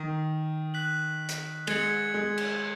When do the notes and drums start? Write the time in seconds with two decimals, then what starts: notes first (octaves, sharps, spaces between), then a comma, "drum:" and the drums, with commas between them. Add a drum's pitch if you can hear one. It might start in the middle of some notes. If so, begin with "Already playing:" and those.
Already playing: D#3
0.74 F#6 B6 F#7
1.29 drum: hi-hat
1.67 G#3 G#6 C#7 F#7, drum: cymbal
2.14 G#3
2.38 drum: cymbal